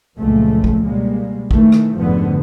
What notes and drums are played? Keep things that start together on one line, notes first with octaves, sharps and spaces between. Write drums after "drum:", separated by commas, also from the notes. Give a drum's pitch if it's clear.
F#1 C#2 A#2 F3 A3 A#3
drum: kick A1
B2 G3 G#3 A#3
D#3 E3 A3, drum: kick A1
drum: rim click
F1 G#2 D3 F3 B3